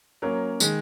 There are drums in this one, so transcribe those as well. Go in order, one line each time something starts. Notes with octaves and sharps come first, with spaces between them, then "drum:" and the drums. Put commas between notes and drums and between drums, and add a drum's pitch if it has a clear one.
F#3 A#3 C#4 A#4
D#3 G#3, drum: tambourine